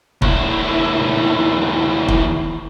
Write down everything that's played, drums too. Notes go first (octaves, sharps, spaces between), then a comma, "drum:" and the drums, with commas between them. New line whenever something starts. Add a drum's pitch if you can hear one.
D#2 E4, drum: kick
drum: kick